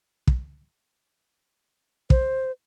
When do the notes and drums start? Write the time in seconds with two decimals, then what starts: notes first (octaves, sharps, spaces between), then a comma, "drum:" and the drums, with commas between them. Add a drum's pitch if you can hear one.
0.27 drum: kick
2.10 C5, drum: kick